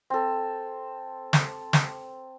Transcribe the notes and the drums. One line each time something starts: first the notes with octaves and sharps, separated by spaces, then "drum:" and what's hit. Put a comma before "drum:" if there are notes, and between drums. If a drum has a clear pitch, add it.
C4 A4
drum: snare
drum: snare